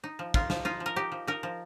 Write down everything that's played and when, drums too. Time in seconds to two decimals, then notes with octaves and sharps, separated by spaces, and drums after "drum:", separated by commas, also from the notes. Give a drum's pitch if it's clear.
0.04 D#4
0.19 F3
0.34 D#4 F4, drum: kick
0.50 F3, drum: snare
0.65 D#4 F4
0.80 F3
0.86 A#4
0.96 D#4 G4
1.12 F3
1.27 D#4 A#4
1.43 F3